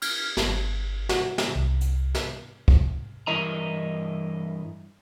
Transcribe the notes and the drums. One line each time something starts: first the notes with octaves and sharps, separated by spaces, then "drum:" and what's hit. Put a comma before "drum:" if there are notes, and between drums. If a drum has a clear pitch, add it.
F6, drum: cymbal
G1, drum: snare
F#4, drum: snare
drum: snare
C2
drum: hi-hat
drum: snare
drum: kick
G2 E3 E4 A#4 D#5 A#5